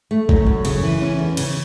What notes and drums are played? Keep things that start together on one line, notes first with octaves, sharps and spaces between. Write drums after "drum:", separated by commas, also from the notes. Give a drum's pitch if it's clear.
A3
F#2, drum: kick G1
F#2
C#3, drum: cymbal
E3
C#4
E2
C#3, drum: cymbal